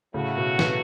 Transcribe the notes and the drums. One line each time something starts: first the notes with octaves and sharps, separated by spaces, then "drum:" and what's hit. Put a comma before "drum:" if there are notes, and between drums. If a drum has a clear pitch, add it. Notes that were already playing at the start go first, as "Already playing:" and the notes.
A2 C#3 F#3 A3 F#4
B2
B2 E3, drum: snare